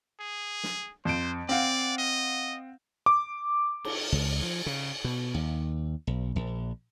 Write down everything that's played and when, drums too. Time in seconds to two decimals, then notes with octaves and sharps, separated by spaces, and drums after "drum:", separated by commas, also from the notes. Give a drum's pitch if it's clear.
0.20 G#4
0.64 drum: snare
1.05 F2 C5 D7
1.49 C4 D5 F5 F#5
1.98 D#5
3.06 D6
3.84 drum: cymbal
4.12 C#2
4.42 F3
4.66 C#3
5.04 B2
5.34 D#2
6.07 B1
6.36 A#1